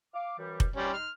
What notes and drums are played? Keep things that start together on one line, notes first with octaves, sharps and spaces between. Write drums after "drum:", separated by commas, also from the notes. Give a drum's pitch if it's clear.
F5 D6
F#2 E3 G3
drum: kick F1
G3 C#4 D#4 C6
F6